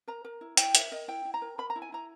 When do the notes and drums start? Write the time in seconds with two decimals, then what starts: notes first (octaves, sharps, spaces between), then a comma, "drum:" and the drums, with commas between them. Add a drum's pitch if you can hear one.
0.08 A#4 A#5
0.25 A#4
0.41 E4
0.57 E4 G5, drum: hi-hat
0.75 A#4 E5, drum: hi-hat
0.92 A#4 D#5
1.08 E4 G5
1.25 E4
1.34 A#5
1.42 A#4
1.58 A#4 B5
1.70 A#5
1.76 E4
1.82 G#5
1.92 E4 A#5